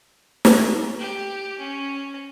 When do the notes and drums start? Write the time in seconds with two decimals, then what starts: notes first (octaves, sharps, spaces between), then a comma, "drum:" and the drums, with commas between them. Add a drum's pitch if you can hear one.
0.45 drum: snare
0.99 G4
1.59 C#4